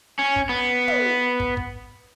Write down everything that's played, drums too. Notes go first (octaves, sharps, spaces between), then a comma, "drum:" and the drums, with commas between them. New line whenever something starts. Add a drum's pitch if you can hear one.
C#4
drum: kick
B3
drum: tom
drum: kick
drum: kick